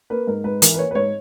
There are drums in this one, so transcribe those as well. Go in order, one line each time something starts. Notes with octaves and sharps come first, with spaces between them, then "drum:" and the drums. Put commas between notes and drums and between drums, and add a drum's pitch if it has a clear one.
A#3 B4
G#2 A#4
G#2 B4
E3 A#4, drum: hi-hat
B4
A#3 C#5
B4
G#2 C#5